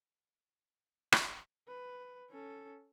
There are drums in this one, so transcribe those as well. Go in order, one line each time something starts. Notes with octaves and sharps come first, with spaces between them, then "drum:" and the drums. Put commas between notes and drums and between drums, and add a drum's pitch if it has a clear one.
drum: rim click
B4
C#4 A4